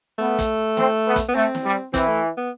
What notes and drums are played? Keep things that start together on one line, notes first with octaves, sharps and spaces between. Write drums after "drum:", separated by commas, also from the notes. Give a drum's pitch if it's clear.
A3 B3
drum: kick, hi-hat
C4, drum: snare
B3
drum: kick, hi-hat
B3
A3 C4
drum: snare
G3
E3 C4, drum: kick, hi-hat
A3
B3